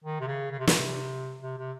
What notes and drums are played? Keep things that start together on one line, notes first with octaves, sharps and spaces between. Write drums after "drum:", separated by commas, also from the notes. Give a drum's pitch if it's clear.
D#3
C3
C#3
C#3
C3
A#2, drum: snare
C3
C3
C3